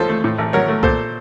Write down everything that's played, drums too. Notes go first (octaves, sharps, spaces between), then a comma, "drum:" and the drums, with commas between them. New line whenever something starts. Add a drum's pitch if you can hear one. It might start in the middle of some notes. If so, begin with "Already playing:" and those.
Already playing: D#2 F3 C#4 A4 C5
A3
A2
A1
F#3 A#4 C#5
A3
A#2 A4 C5, drum: kick B1